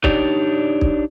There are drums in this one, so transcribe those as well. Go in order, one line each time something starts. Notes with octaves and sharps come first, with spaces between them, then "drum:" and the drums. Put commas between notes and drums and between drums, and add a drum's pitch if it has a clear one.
D4 D#4 G4 C#5 D5, drum: kick
drum: kick